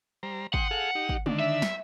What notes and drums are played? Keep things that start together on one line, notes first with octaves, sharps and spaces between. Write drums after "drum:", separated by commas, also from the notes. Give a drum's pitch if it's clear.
G3 C5 A#5
F#5 G5 C6 D#6, drum: kick
G#4 A4 F5
D#4 G4
drum: kick
D3 D#3 D4, drum: tom G#3
E5
drum: snare